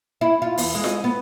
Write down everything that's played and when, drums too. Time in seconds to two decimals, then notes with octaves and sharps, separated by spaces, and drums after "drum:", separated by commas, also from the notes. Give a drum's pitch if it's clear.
0.21 E4
0.42 F4
0.58 E2, drum: open hi-hat
0.75 G#3
0.84 drum: snare F4
1.04 B3